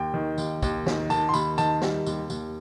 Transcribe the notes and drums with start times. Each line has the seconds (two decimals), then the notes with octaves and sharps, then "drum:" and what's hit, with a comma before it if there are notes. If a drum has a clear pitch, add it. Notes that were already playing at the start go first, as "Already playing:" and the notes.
Already playing: D#2 G5
0.14 D#3
0.38 D#2, drum: tambourine
0.62 D#2, drum: kick, tambourine
0.86 D#3, drum: snare
1.10 D#3 A5, drum: tambourine
1.29 C6
1.34 D#2 B5, drum: tambourine
1.58 D#3 A5, drum: tambourine
1.82 G3, drum: snare
2.06 D#2, drum: tambourine
2.30 D#2, drum: tambourine